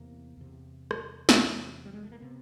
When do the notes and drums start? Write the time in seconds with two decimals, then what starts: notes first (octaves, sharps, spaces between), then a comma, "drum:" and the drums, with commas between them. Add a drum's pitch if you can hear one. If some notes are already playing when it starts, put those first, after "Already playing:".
Already playing: E2 C3 A#3
0.37 E2 C3
0.91 drum: rim click
1.29 E2 C3, drum: snare
1.85 G3
1.93 G#3
2.03 A3
2.11 A#3
2.20 C3 B3